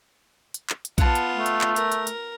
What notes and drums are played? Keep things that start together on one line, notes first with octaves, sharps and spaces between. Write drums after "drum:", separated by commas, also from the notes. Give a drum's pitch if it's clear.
drum: hi-hat
drum: clap
drum: hi-hat
B3 F4 F#5 A5, drum: kick A#1, hi-hat
drum: hi-hat
A3
drum: hi-hat
drum: clap
A#4, drum: hi-hat
drum: hi-hat
drum: hi-hat